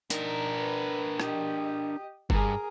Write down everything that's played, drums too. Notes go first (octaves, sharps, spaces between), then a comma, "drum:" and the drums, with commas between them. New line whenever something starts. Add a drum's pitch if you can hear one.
D4 D#4 A#4, drum: hi-hat
B4
G4 D#5, drum: rim click
G2 G#4 A#4, drum: kick G1